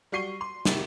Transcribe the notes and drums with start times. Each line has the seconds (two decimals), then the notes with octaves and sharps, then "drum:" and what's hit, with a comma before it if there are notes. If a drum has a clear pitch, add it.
0.12 G3 F#4 C#6 C7 D#7 G7
0.41 C6
0.65 G#1 C3 D#3 A6, drum: snare